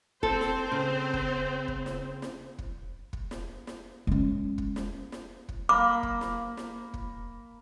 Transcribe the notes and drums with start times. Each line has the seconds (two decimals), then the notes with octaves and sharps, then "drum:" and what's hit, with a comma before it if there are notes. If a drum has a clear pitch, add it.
0.23 C4 A4 C5, drum: kick
0.41 drum: snare
0.72 C#3
1.13 drum: kick
1.68 drum: kick
1.86 drum: snare
2.22 drum: snare
2.58 drum: kick
3.13 drum: kick
3.31 drum: snare
3.67 drum: snare
4.07 G#3 C#4
4.58 drum: kick
4.76 drum: snare
5.12 drum: snare
5.49 drum: kick
5.69 A#3 A#5 B5 D6
6.03 drum: kick
6.21 drum: snare
6.57 drum: snare
6.94 drum: kick